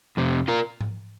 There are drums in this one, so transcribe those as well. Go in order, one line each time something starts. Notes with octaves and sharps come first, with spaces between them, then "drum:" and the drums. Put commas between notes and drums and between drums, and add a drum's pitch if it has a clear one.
F2 C3
F4 A#4
drum: tom G#2